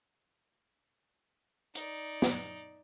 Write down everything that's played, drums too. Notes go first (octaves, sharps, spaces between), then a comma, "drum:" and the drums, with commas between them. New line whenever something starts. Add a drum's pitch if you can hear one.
D#4 D5, drum: hi-hat
drum: snare